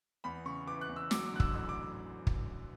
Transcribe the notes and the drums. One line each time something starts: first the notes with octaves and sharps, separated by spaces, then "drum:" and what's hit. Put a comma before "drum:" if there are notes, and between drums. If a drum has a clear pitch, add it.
E2 B5
C#3 C#6
E3 D6
F#6
E2
E6
F#3 D6, drum: snare
D6
D3 F#6
E6, drum: kick
A1 E6
D6
drum: kick